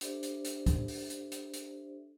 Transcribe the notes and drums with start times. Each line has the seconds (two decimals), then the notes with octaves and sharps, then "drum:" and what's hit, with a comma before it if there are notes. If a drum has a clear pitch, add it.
0.01 D4 G4 A4 C5 D5 E5, drum: hi-hat
0.23 drum: hi-hat
0.45 drum: hi-hat
0.66 drum: kick, hi-hat
0.88 drum: open hi-hat
1.10 drum: hi-hat
1.32 drum: hi-hat
1.54 drum: hi-hat